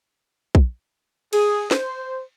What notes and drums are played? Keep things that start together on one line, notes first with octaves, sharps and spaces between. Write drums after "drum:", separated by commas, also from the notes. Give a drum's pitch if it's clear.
drum: kick
G#4, drum: cymbal
C5, drum: snare